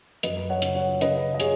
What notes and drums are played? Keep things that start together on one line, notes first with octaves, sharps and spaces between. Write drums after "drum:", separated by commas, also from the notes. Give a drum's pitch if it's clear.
F#2 B4 D#5, drum: hi-hat
C#5 F#5
C#3, drum: hi-hat
C#5 F#5
C#3 B4 D#5, drum: hi-hat
D#5
C#3 G#4 C#5, drum: hi-hat